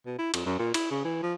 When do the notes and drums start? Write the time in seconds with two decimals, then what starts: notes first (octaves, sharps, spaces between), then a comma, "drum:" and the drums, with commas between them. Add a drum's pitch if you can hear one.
0.06 B2
0.18 E4
0.34 F2, drum: cymbal
0.46 F#2
0.59 A#2
0.74 E4, drum: cymbal
0.91 C#3
1.05 E3
1.23 F3